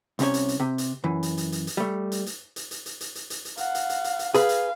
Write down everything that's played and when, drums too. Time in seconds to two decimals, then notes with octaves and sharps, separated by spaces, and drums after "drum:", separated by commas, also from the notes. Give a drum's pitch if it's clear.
0.19 C2 C3 C#4 C#5, drum: hi-hat
0.34 drum: hi-hat
0.49 drum: hi-hat
0.60 C3
0.78 drum: hi-hat
1.04 F#2 E3
1.23 drum: hi-hat
1.37 drum: hi-hat
1.52 drum: hi-hat
1.67 drum: hi-hat
1.77 G3 A3
2.12 drum: hi-hat
2.26 drum: hi-hat
2.56 drum: hi-hat
2.71 drum: hi-hat
2.86 drum: hi-hat
3.01 drum: hi-hat
3.15 drum: hi-hat
3.30 drum: hi-hat
3.45 drum: hi-hat
3.57 F5 F#5, drum: hi-hat
3.75 drum: hi-hat
3.89 drum: hi-hat
4.04 drum: hi-hat
4.19 drum: hi-hat
4.34 G#4 B4 F5, drum: hi-hat
4.49 drum: hi-hat